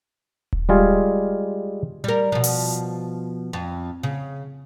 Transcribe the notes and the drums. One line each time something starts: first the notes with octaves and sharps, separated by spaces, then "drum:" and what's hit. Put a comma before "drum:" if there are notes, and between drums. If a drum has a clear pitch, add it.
drum: kick D#1
G3 G#3 F4 G#4
G3 A#4
B2 F3
drum: open hi-hat
F2
C#3